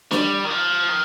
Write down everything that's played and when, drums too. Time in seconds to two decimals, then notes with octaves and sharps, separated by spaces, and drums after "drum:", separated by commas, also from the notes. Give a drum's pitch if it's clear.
0.11 G3, drum: snare
0.44 D#3
0.50 F3
0.89 D#3